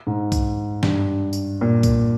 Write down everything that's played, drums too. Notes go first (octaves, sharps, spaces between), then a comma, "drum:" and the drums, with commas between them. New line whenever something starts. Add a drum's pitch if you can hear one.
G#2
drum: kick B1, tambourine
G2, drum: snare
drum: tambourine
A#2
drum: kick B1, tambourine